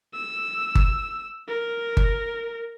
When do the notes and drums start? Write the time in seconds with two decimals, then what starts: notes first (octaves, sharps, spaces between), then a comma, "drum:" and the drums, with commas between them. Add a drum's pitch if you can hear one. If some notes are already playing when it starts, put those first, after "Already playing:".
0.14 E6
0.75 drum: kick G1
1.48 A#4
1.97 drum: kick G1